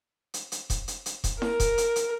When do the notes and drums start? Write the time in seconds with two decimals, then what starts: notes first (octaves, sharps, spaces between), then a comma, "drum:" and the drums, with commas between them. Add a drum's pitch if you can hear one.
0.34 drum: hi-hat
0.52 drum: hi-hat
0.70 drum: kick E1, hi-hat
0.88 drum: hi-hat
1.06 drum: hi-hat
1.24 drum: kick E1, hi-hat
1.42 A#4, drum: snare E4
1.60 drum: kick E1, hi-hat
1.78 drum: hi-hat
1.96 drum: hi-hat